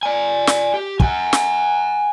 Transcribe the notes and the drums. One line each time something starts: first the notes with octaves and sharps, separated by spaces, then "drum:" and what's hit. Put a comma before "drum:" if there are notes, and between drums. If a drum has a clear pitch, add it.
D5 G#5
drum: snare
G4
F#5 G#5, drum: kick
drum: snare